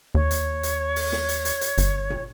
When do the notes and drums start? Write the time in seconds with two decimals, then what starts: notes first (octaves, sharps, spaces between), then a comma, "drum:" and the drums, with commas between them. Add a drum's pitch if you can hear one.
0.15 D#2 C#5
0.31 drum: hi-hat
0.63 drum: hi-hat
0.96 drum: open hi-hat
1.12 drum: snare
1.29 drum: hi-hat
1.45 drum: hi-hat
1.61 drum: hi-hat
1.78 G1, drum: hi-hat
2.10 drum: tom